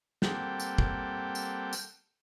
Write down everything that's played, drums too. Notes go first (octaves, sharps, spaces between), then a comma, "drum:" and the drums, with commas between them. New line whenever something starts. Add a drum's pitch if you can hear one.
G3 A#3 C4 A4 F#5 G5, drum: snare
drum: tambourine
drum: kick
drum: tambourine
drum: tambourine